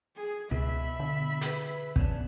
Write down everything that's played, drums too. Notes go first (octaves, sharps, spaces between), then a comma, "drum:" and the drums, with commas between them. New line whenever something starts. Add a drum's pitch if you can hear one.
G#4
C#2 B2 E5 B5
D3
G#4 B4, drum: hi-hat
B3 C#4 D4, drum: kick